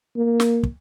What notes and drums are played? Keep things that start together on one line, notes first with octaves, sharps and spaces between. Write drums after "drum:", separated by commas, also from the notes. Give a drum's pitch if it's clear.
A#3
drum: snare
drum: kick